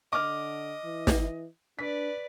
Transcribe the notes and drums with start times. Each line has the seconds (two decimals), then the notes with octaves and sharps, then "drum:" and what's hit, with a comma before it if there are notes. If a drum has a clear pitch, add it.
0.13 D3 D#5 D6 F6
0.85 E3
1.07 drum: snare
1.79 D4 B4 D5 B6